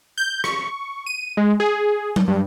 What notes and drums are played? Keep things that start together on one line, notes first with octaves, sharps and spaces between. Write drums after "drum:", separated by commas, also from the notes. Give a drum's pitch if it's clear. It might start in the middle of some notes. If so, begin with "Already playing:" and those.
G6
C#6, drum: rim click
D#7
G#3
G#4
drum: tom F#3
G2